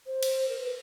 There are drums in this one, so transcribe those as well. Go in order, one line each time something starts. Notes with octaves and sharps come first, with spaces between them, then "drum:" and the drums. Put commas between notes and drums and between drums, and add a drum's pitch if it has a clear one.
C5
drum: cymbal
A#4
B4